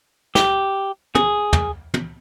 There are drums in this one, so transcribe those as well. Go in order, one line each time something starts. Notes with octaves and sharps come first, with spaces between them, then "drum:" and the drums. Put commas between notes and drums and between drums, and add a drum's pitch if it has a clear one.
G4, drum: snare
G#4, drum: tom
drum: tom
drum: tom